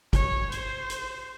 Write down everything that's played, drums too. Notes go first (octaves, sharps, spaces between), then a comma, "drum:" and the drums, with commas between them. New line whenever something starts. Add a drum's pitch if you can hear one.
C#5, drum: kick, hi-hat
C5, drum: hi-hat
drum: hi-hat